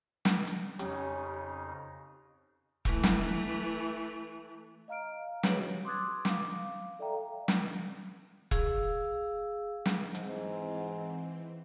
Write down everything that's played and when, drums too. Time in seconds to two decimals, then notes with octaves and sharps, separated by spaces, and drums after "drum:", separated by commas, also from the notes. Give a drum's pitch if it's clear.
0.25 drum: snare
0.47 drum: hi-hat
0.79 F2 C#3 C#4 D#4 G4, drum: hi-hat
2.85 E3 A3, drum: kick E1
3.03 drum: snare
4.88 D#5 F5 A#5 F6 D7
5.43 G#4 B4 C#5 D7 F#7, drum: snare
5.56 F#4 G4
5.85 C6 D6 D#6 F#6 G#6 A6
6.25 F5 D6, drum: snare
6.99 A4 D5 E5 F5 G5 A#5
7.48 drum: snare
8.51 G#4 F5 E6, drum: kick E1
9.86 drum: snare
10.15 G#2 E3 C4, drum: hi-hat